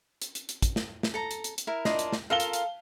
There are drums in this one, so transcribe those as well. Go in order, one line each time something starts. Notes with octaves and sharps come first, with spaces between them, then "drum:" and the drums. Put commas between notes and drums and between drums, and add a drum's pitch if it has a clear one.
drum: hi-hat
drum: hi-hat
drum: hi-hat
drum: kick, hi-hat
drum: snare
drum: snare
A4 A#5
drum: hi-hat
drum: hi-hat
drum: hi-hat
E4 A#4
D4 F4 D#5, drum: snare
drum: hi-hat
drum: snare
F4 A4 A#4 F5 G7
drum: hi-hat
drum: hi-hat